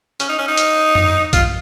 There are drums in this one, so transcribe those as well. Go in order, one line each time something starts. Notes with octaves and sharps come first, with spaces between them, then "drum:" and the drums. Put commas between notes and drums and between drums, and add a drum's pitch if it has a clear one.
C#4, drum: hi-hat
D#4
C#4
D#4
drum: hi-hat
drum: tom F2
F4, drum: kick, hi-hat